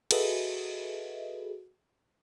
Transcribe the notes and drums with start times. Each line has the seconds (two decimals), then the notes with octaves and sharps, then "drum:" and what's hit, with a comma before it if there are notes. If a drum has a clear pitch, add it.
0.11 F#4 G#4 A4 B4 D#5 E5, drum: cymbal